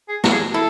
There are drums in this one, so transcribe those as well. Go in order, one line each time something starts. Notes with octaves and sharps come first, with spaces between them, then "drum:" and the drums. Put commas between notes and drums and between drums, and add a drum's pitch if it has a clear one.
G#4
F#4 A4, drum: snare
G#4
E4 A4